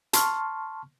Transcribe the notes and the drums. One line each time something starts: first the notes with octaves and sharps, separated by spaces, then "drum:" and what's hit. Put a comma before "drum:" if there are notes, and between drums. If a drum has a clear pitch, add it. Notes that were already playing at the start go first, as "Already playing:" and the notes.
A5 C6 C#6 F6, drum: hi-hat